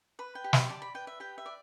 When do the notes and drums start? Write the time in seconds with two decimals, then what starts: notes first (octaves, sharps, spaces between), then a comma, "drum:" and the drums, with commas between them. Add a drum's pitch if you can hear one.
0.19 B4 B5
0.35 G5
0.44 G4
0.53 B5, drum: snare
0.69 D5 A5
0.82 B5
0.94 B4 G5
1.07 E5
1.20 G4 G5
1.38 E5
1.46 D5